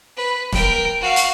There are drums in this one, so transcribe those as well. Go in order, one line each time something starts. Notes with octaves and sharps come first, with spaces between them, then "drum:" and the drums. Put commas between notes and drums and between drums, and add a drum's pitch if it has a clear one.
B4
A#4 G5, drum: snare
F#4 F5
drum: hi-hat